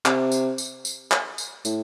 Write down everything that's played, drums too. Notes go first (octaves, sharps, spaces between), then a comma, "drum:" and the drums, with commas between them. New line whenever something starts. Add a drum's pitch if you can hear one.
C3, drum: clap
drum: tambourine
drum: tambourine
drum: tambourine
drum: clap
drum: tambourine
A2, drum: tambourine